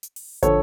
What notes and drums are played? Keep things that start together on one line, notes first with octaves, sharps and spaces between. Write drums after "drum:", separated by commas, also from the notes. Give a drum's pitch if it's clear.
drum: hi-hat
drum: open hi-hat
D3 F3 A4 C#5, drum: kick, hi-hat